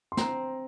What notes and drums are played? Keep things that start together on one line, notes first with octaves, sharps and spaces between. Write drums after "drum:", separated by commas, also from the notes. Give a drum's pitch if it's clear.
C6
C4 A#5, drum: snare